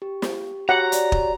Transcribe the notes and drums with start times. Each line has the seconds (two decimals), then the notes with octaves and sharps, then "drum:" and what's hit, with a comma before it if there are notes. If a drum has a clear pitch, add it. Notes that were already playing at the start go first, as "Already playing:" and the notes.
0.02 G4
0.22 drum: snare
0.69 F#4 G4 C#5 F#5 A#5
0.92 D5, drum: hi-hat
1.12 drum: kick